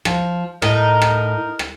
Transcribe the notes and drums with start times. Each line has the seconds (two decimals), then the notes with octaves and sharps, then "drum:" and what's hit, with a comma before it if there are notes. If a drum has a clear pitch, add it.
0.05 F3, drum: rim click
0.62 A2 D#4 A#4, drum: rim click
1.02 drum: rim click
1.59 drum: rim click